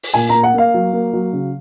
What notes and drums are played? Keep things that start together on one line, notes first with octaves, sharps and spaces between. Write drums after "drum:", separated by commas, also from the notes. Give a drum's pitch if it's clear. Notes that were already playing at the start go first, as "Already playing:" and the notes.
drum: open hi-hat
A#2 G#5
A#5
A#3
F#5
A#3 F5
F#3
A#3
F#3
C#3